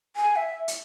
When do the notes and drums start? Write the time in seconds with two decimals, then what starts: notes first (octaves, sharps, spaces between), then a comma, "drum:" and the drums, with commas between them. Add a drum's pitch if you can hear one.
0.16 G#5
0.36 E5
0.68 drum: hi-hat